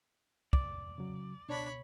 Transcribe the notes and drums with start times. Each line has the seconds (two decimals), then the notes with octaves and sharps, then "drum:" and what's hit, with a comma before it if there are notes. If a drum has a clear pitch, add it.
0.53 D5, drum: kick
0.98 C#3 F#3
1.49 C#2 B2 D4 C#5 B5